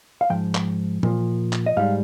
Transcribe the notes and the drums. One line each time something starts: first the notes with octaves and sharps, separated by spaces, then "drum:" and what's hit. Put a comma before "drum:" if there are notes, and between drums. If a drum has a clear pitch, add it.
F5
G#2 F3 G5
drum: clap
A#2 F3, drum: tom E3
drum: clap
D#5
G#2 G3 F5